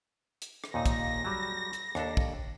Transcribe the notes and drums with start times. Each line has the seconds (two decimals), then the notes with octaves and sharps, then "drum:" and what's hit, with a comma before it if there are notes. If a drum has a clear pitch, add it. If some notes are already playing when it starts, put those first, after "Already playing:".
0.42 drum: hi-hat
0.64 drum: rim click
0.74 D#2 A#2 D#4 A#6
0.86 drum: kick, hi-hat
1.24 F#3 G3
1.73 drum: hi-hat
1.95 D#2 D4 A4, drum: rim click
2.17 drum: kick